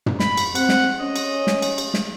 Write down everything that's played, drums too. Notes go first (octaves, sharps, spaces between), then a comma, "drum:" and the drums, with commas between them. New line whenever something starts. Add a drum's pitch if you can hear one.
drum: tom
B5, drum: snare
drum: cymbal
C4 F#5, drum: cymbal
drum: snare
C#4 D#5
drum: cymbal
drum: snare
drum: cymbal
drum: cymbal
drum: snare